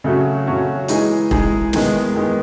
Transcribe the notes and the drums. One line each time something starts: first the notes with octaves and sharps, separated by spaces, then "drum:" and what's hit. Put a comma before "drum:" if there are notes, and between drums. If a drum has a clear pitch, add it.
C#3 F#3 A3 C#4 F#4
C#3 F#3 A3 C#4 F#4
E3 G#3 D#4 G#4, drum: hi-hat
E3 G#3 D#4 G#4, drum: kick E1
E2 D#3 G#3 B3, drum: snare
E2 D#3 G#3 B3